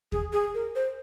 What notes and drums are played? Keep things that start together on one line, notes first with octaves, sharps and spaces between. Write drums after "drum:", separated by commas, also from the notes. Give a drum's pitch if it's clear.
G#4, drum: kick D#2
G#4
A#4
C5